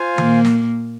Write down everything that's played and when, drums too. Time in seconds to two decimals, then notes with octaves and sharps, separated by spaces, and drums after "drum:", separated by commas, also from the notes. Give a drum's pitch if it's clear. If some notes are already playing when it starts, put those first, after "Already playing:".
Already playing: F4 C5 F5 G#5
0.18 A#2 A#3, drum: tom D#3
0.45 drum: snare